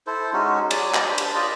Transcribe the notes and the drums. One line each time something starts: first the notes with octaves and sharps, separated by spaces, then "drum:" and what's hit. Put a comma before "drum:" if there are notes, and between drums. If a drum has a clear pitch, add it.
E4 A4 C5
G#3 C#4 D#4 F#4
F#3 D5 G#5, drum: cymbal
drum: clap
D4 C5 B5
drum: cymbal
F4 D5 D#5